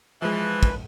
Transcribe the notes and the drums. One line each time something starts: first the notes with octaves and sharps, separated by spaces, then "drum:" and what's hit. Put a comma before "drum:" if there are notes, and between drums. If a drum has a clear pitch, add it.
E3 F3 G#3 B4
drum: kick